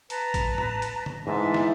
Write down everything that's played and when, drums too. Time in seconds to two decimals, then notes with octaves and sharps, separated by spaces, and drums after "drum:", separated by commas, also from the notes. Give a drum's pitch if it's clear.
0.10 B4 A5 A#5, drum: hi-hat
0.34 drum: kick, hi-hat
0.58 drum: tom A2
0.82 drum: hi-hat
1.06 drum: tom C#3
1.27 G#2 E3 E5 A5
1.54 drum: snare